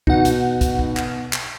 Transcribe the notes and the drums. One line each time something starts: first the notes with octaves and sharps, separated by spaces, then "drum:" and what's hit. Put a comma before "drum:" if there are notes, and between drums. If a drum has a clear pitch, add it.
B2 D#4 F#5, drum: kick
drum: hi-hat
drum: kick, hi-hat
drum: kick
drum: clap
drum: clap